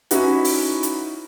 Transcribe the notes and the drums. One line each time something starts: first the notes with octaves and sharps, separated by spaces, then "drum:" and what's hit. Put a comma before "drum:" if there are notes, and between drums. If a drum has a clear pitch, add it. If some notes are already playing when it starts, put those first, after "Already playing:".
C#4 D#4 E4 F#4 B4, drum: hi-hat
drum: open hi-hat
drum: hi-hat